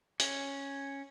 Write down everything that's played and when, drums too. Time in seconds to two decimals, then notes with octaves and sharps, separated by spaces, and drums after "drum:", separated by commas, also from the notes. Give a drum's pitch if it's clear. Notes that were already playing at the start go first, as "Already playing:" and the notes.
0.20 C#4, drum: hi-hat